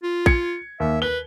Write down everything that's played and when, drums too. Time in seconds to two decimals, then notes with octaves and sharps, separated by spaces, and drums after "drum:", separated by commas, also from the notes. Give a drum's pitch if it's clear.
0.03 F4
0.26 G#6 C#7, drum: kick
0.80 D#2 E5
1.02 B4 G7